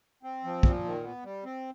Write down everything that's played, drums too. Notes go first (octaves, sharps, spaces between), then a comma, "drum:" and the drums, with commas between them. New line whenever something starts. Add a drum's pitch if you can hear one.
C4
F3
A#2, drum: kick
D#3
B3
G3
C4